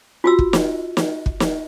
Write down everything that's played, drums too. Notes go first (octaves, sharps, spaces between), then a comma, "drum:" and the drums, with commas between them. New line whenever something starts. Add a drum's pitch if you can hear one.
F4 F#4 E6
drum: kick
drum: snare
drum: snare
drum: kick
drum: snare